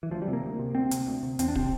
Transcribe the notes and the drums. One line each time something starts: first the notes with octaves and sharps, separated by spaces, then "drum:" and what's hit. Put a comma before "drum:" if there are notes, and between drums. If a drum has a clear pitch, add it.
E3
D2 F3
G3
C3
A#3
D2
C3
D2 C4
C3, drum: hi-hat
D2
C3
E2 C4, drum: hi-hat
D4
C3 C4, drum: kick